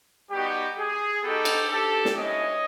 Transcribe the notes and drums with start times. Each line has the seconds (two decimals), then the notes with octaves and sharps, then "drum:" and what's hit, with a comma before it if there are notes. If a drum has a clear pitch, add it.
0.31 G3 B3 D#4 F#4 G4
0.78 G#4
1.24 B3 D#4 F#4 G4 A4
1.45 drum: cymbal
1.71 G4 A4
2.05 drum: snare
2.16 G#3 C#4 E4 C#5 D#5